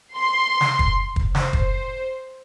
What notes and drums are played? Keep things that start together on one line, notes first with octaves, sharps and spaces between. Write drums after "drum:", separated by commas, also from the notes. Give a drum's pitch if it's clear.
C6
drum: snare
drum: kick
drum: kick
C5, drum: snare
drum: kick